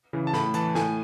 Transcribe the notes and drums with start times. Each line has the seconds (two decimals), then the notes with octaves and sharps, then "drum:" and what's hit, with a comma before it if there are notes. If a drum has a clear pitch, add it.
0.13 C#3 E3
0.27 A5
0.33 A2 B5, drum: snare
0.54 E3 A5, drum: hi-hat
0.75 A2 G#5, drum: snare